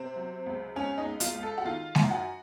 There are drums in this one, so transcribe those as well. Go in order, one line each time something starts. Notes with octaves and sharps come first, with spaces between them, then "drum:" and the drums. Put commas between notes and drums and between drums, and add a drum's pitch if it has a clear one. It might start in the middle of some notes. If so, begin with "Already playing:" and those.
Already playing: C3 C4
F#3
C#2
C#2 C#4
D#4
C#2
F4, drum: hi-hat
C#2
A4
F#4
D#3 F4
F#2, drum: snare G#3
F#4